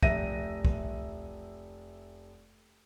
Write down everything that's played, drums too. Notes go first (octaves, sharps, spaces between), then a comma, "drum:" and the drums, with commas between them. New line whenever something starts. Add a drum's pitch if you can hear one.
F1 E5 A#6 D#7, drum: kick
drum: kick